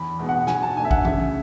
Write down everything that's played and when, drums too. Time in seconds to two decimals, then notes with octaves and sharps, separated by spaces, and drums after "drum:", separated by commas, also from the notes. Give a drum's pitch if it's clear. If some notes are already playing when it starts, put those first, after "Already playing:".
Already playing: E2 B5
0.19 B2 G#3 B3
0.29 F#5
0.47 B2 G#5, drum: snare
0.63 A5
0.76 A3 D4 G#5
0.85 E5
0.91 F#5, drum: kick
1.05 C#3 E5, drum: tom E3